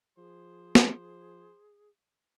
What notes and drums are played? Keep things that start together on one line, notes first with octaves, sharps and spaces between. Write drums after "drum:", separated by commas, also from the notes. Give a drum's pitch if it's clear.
F3 G#4 C5
drum: snare